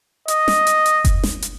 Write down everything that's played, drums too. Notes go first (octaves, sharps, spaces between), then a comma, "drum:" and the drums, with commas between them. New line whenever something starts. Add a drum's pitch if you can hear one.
D#5, drum: hi-hat
drum: snare
drum: hi-hat
drum: hi-hat
drum: kick F#1, hi-hat
drum: snare
drum: hi-hat